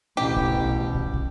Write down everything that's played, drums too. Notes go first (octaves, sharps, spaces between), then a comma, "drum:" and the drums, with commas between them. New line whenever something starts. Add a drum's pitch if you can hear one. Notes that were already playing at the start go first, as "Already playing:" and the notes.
A1 D2 B2 G4
drum: kick
drum: kick
drum: kick